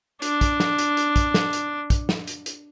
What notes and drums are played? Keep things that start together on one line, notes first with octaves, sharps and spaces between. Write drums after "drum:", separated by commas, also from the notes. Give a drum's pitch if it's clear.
D4, drum: hi-hat
drum: kick, hi-hat
drum: snare
drum: hi-hat
drum: hi-hat
drum: kick, hi-hat
drum: snare
drum: hi-hat
drum: kick, hi-hat
drum: snare
drum: hi-hat
drum: hi-hat